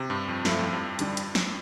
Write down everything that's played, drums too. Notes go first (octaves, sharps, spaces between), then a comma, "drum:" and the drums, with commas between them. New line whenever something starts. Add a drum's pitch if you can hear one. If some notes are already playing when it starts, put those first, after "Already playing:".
Already playing: C3
G2
F2
G2 F3 A3 C4 E4, drum: snare
F2
G2
D3 G3 D4, drum: hi-hat
drum: hi-hat
drum: snare